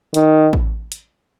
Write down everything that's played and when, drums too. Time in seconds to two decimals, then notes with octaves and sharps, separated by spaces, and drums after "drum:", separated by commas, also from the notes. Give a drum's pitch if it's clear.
0.14 D#3, drum: hi-hat
0.53 drum: kick A1
0.92 drum: hi-hat